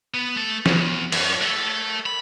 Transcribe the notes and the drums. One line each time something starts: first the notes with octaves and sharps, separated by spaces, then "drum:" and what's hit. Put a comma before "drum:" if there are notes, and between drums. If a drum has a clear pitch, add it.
B3
A3 A5
E2, drum: snare
F#2, drum: cymbal
A3 A4
B5